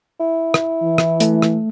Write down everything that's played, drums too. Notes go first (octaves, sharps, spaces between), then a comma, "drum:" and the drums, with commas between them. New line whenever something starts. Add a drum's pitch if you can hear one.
E4
drum: rim click
E3
drum: rim click
A3, drum: hi-hat
drum: rim click